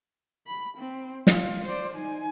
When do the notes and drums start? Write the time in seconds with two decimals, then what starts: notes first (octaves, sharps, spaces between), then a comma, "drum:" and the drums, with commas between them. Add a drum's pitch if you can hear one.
0.47 B5
0.77 C4
1.27 F4, drum: snare
1.65 C5 D5
1.94 D#4 G#5